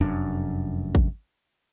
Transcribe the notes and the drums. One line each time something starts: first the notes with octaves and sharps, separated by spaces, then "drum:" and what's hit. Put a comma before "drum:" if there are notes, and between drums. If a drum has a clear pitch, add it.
F1 F#2 D4
drum: kick G#1